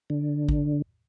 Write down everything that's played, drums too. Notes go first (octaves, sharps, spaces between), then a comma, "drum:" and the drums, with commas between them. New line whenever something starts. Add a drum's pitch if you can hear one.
D3
drum: kick G#1